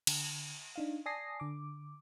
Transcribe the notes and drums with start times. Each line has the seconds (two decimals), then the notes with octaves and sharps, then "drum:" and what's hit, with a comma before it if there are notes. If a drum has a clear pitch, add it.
0.07 D3, drum: cymbal
0.76 D4 D#4 F5
1.06 D5 G#5 A5 D#6 A#6 C7
1.40 D3 D6